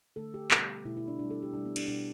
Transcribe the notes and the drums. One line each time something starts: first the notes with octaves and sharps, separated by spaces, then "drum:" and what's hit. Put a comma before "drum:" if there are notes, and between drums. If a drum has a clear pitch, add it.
D3 A3 A4
G4
B2 G3 B3, drum: clap
B2 A3 E4
E4
D4
B2 G3 D4
A4
G4
B2 G3 D4
B3
D4, drum: cymbal
B2 G3 D4